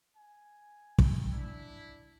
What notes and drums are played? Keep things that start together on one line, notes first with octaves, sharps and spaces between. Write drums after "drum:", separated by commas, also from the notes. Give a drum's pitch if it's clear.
G#5
drum: kick
D4 E4